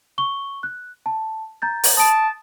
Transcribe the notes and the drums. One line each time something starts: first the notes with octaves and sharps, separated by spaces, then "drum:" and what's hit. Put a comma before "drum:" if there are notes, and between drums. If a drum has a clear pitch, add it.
C#6 G7
F#6
A5
A#5 G6 A6
drum: open hi-hat
A5 D#6 D7